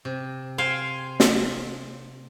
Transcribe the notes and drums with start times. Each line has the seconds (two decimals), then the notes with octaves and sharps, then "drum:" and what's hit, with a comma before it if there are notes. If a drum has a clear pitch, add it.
0.05 C3
0.58 C5 F5 G5 G#5
1.20 drum: snare